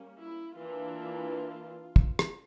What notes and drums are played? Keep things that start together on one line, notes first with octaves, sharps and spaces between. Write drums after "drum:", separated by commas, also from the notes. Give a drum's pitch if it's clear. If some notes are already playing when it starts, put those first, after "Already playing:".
Already playing: G3 A#3 C#4
E4
E3 A#3 D4 F4
drum: kick
drum: rim click